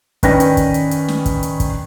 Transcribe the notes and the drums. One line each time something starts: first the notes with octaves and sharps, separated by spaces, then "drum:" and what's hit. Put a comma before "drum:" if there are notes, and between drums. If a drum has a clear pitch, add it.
D#3 C#4 B4 D5 G5 A#6, drum: kick, hi-hat
drum: hi-hat
drum: kick, hi-hat
drum: hi-hat
drum: hi-hat
drum: snare
drum: kick, hi-hat
drum: hi-hat
drum: kick, hi-hat